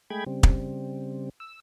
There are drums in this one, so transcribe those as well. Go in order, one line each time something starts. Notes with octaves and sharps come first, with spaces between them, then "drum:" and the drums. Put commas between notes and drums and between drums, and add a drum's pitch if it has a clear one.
G#3 A3 G#4 G5 B5 G#6
C#3 G3 C4
drum: kick
E6